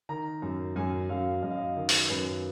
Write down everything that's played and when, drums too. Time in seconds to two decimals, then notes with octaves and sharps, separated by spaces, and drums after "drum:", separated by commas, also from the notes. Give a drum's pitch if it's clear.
0.09 D#3 A#5
0.42 F#2
0.76 F#2 G#5
1.09 F#2 F5
1.42 F#2 D#5
1.51 F5
1.57 D#5
1.76 D#3
1.89 drum: open hi-hat
2.09 F#2 B4